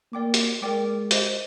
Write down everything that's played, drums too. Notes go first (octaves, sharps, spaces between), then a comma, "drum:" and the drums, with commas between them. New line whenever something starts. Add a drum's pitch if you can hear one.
A#3 A#4 D5 G5 D6
drum: hi-hat
G#3 A#4 D5 G5 D6
G4 C5 D#5, drum: hi-hat